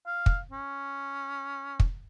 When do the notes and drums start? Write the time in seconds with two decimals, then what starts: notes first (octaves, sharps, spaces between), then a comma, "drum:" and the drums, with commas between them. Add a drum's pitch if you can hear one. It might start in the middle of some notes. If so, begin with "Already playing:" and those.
0.07 F5
0.26 drum: kick
0.52 C#4
1.80 drum: kick